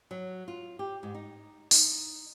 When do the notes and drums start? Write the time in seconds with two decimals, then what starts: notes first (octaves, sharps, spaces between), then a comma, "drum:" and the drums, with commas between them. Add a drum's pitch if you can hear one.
0.11 F#3
0.48 F4
0.79 G4
1.03 G#2
1.14 D#4
1.71 D#4, drum: open hi-hat